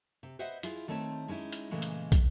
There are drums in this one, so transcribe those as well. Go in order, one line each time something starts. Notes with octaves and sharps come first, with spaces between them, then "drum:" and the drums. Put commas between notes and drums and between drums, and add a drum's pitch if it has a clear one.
C3
B4 C5 D#5 E5 F#5
E4 F4 G#4, drum: hi-hat
D#3 A3 C4 C#5 A5
G#3 C#4 D#4 E4
drum: hi-hat
A#2 C#3 E3 G#3 A3
drum: hi-hat
drum: kick, hi-hat